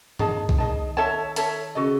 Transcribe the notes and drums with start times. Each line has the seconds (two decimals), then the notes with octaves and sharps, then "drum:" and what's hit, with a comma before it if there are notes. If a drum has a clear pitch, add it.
0.19 D#3 D#4 G#4 D#5 A5, drum: tom G2
0.49 drum: kick
0.58 G#4 D#5 A5
0.97 A4 C#5 E5 A5
1.36 A4 C#5 E5 A5, drum: hi-hat
1.75 C#3 C#4 F#4 A4 D#5